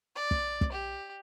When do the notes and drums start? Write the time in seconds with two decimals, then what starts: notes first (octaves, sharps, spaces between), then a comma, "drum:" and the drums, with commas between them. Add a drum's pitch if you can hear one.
0.16 D5
0.31 drum: kick
0.61 drum: kick
0.72 G4